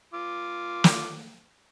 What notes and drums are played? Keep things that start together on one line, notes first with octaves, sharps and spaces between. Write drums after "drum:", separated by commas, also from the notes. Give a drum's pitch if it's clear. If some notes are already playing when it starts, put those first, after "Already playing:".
F4 D6
drum: snare